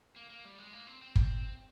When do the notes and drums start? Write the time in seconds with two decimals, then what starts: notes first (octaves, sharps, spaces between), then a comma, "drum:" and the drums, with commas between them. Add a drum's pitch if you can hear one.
0.16 A#3
0.30 A#3
0.45 G3
0.58 G#3
0.73 A#3
0.87 C4
1.02 C4
1.16 drum: kick